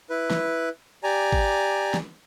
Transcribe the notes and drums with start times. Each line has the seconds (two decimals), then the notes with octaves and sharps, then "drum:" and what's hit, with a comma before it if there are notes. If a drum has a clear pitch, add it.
0.10 E4 B4
0.30 drum: snare
1.03 G4 D5 G#5 A#5
1.32 drum: kick G#1
1.94 drum: snare